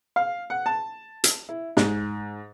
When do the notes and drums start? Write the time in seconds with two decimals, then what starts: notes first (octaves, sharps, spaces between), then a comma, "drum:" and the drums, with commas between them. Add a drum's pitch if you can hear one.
0.16 F5
0.50 F#5
0.66 A5
1.24 drum: hi-hat
1.49 E4
1.77 G#2, drum: snare